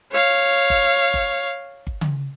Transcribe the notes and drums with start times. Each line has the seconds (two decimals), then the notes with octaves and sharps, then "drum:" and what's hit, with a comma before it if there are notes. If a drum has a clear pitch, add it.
0.12 C#5 F5
0.70 drum: kick G1
1.14 drum: kick G1
1.87 drum: kick G1
2.01 drum: tom C#3